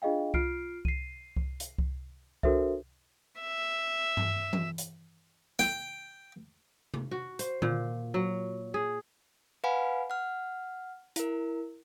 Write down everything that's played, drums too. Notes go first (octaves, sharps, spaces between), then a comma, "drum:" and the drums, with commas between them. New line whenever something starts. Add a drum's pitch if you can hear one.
D4 F4 G#4 D#5 F5 G5
F4 F6 C7 D7, drum: kick C2
C7 D#7, drum: kick C2
drum: kick C2
drum: hi-hat
drum: kick C2
D4 F#4 A4 A#4 C5 E5, drum: kick C2
E5
drum: tom G2
drum: tom E3
drum: hi-hat
G5, drum: snare
drum: tom C3
F#4
C5, drum: hi-hat
A#2, drum: tom D3
F#3
G#4
B4 F5 F#5 G#5 B5
F#5 F6
E4 A#4, drum: hi-hat